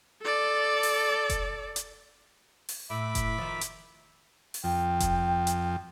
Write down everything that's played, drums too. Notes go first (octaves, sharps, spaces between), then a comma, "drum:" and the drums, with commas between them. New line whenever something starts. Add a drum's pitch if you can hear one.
A4 D5
drum: open hi-hat
drum: kick F1, hi-hat
drum: hi-hat
drum: open hi-hat
A2 E5 B5 D6
drum: kick F1, hi-hat
D#3 F3
drum: hi-hat
drum: open hi-hat
F2 G5
drum: kick F1, hi-hat
drum: hi-hat